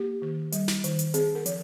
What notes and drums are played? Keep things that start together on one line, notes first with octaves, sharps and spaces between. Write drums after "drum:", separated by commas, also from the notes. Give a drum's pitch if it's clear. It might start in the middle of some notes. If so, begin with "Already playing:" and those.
Already playing: A#3 G4
D#3
G3, drum: hi-hat
drum: snare
D#3, drum: hi-hat
drum: hi-hat
C4 G#4, drum: hi-hat
A#4
F3, drum: hi-hat